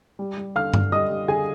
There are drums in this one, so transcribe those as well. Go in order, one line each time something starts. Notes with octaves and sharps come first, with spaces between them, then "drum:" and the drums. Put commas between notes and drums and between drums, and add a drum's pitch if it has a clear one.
G3
G3
D3 F5 F6
D3, drum: tom G2
G3 D#5 D#6
G3
D3 G#4 G#5